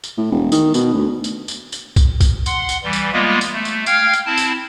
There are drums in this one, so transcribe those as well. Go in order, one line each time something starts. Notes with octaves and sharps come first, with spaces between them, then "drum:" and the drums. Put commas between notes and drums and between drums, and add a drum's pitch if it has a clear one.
drum: tambourine
A2
E1
D#3, drum: tambourine
B2, drum: tambourine
D2
drum: tambourine
drum: tambourine
drum: tambourine
drum: kick, tambourine
drum: kick, tambourine
F#5 C6, drum: tambourine
drum: tambourine
E3 G3
drum: tambourine
G3 G#3 A#3 B3 F4
drum: tambourine
A3
drum: tambourine
F5 G5 F6 G#6, drum: tambourine
drum: tambourine
C4 E4 A5
drum: tambourine